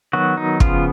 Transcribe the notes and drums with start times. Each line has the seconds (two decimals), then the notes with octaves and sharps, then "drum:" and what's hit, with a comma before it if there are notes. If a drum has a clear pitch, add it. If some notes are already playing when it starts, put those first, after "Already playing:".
0.13 D#3 F#3 B3 F#4
0.37 D#4
0.60 C#3 F3 B3 F4, drum: kick